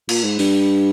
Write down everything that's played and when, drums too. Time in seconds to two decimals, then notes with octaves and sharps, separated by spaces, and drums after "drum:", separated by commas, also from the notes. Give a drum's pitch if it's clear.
0.09 A#2, drum: cymbal
0.24 G#2
0.39 G2, drum: open hi-hat